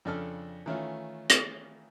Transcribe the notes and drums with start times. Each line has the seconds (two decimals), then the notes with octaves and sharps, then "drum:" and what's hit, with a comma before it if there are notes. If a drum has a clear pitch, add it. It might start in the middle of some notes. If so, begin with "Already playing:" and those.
0.05 F2 C#3 D4 A4 F6
0.66 D#3 E3 A3 C#4 F4
1.30 drum: hi-hat